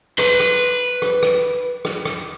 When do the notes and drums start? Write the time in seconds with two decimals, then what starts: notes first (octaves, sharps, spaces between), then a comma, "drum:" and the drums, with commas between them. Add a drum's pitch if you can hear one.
0.19 B4 C6, drum: rim click
0.40 drum: rim click
1.02 drum: rim click
1.23 drum: rim click
1.85 drum: rim click
2.05 drum: rim click